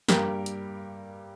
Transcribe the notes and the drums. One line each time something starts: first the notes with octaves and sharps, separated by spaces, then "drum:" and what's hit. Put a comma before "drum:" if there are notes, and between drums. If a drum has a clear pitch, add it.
G2 G3 A#3 G4 A#4, drum: snare
drum: hi-hat